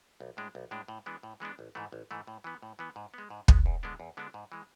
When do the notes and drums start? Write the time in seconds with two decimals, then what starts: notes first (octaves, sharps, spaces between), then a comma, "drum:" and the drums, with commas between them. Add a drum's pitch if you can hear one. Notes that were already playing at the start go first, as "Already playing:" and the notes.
0.20 B1
0.37 A2 G#3 D4
0.55 B1
0.71 A2 G#3 D4
0.88 A2
1.06 E3 G#3 B3 D4
1.23 A2
1.40 E3 G#3 B3 D4
1.59 A1
1.75 G#2 E3 A3
1.92 A1
2.11 G#2 E3 A3
2.27 A2
2.44 E3 B3
2.62 A2
2.79 E3 B3
2.96 G#2
3.14 G#3 B3
3.30 G#2
3.48 G#3 B3, drum: kick
3.66 E2
3.83 D3 G#3 B3 D4
4.00 E2
4.17 D3 G#3 B3 D4
4.34 G#2
4.52 E3 G#3